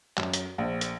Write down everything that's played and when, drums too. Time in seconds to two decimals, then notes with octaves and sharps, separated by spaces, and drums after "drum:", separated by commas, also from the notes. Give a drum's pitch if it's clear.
0.18 F#2, drum: clap
0.34 drum: hi-hat
0.58 A#1
0.81 drum: hi-hat